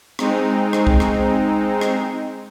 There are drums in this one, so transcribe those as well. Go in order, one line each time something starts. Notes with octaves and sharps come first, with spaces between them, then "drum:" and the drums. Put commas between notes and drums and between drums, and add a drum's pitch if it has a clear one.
G#3 C4 D#4, drum: rim click
drum: rim click
drum: kick C2
drum: rim click
drum: rim click